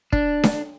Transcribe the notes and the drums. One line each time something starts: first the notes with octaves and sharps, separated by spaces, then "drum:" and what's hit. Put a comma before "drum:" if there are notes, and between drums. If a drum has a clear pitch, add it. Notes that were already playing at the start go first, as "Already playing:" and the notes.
D4, drum: kick
drum: snare D4